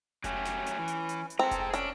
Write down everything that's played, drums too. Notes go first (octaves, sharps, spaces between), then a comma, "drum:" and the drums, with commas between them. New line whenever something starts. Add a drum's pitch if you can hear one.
F#3 A3 C#4 G4, drum: kick F1, hi-hat
drum: snare
drum: hi-hat
E3
drum: hi-hat
drum: hi-hat
drum: hi-hat
C4 G#4 A4 A#5
drum: kick F1, hi-hat
C#4 D4, drum: hi-hat